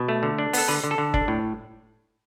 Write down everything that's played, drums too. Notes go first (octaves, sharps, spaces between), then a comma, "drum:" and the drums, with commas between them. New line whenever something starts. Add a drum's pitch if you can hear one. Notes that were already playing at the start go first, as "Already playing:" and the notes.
Already playing: B2
A3
D3
D4
B3 A4, drum: open hi-hat
D3 B4
D3
A4
D3
D4, drum: kick
A2